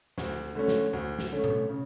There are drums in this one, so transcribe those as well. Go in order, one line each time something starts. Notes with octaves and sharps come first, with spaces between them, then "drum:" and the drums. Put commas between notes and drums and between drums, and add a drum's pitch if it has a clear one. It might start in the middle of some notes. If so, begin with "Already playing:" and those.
D2, drum: snare
D3 A3 C#4
drum: snare
D2
drum: snare
D3 A3 C#4
drum: tom B2
C#3